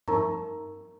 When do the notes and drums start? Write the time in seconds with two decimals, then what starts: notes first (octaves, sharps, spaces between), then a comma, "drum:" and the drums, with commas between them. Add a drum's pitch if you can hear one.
0.08 D#4 A#4 E5 A#5 C#6, drum: tom G2